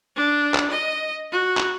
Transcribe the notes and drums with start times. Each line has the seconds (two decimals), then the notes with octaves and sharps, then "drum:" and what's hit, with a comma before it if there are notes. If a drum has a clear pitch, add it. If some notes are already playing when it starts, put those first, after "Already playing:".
0.16 D4
0.54 drum: clap
0.71 D#5
1.32 F#4
1.57 drum: clap